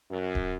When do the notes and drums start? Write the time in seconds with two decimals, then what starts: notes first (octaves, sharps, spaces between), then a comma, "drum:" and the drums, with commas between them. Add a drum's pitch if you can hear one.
0.11 F#2
0.35 drum: kick D1